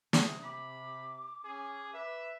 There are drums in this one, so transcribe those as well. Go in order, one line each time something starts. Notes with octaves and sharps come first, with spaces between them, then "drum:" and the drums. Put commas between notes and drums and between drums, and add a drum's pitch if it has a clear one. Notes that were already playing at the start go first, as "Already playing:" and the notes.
C3 D#6, drum: snare
B5 D6
C#4 G#4
B4 E5